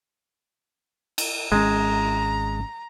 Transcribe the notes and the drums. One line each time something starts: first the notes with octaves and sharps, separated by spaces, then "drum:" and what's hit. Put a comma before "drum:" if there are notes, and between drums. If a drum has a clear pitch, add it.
drum: cymbal
G#1 G#3 C#4 A#5